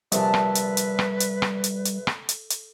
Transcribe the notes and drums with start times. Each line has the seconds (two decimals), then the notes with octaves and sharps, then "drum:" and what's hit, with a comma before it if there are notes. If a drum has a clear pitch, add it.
0.12 A#1 C3 G3 A4 B4 A5, drum: hi-hat
0.34 drum: rim click
0.55 drum: hi-hat
0.77 drum: hi-hat
0.99 drum: rim click
1.20 drum: hi-hat
1.42 drum: rim click
1.64 drum: hi-hat
1.85 drum: hi-hat
2.07 drum: rim click
2.29 drum: hi-hat
2.50 drum: hi-hat